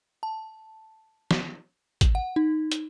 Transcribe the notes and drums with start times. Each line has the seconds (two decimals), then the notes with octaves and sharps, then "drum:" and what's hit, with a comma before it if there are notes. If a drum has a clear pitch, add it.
0.23 A5
1.31 drum: snare
2.01 drum: kick G#1, hi-hat
2.15 F#5
2.36 D#4
2.72 drum: hi-hat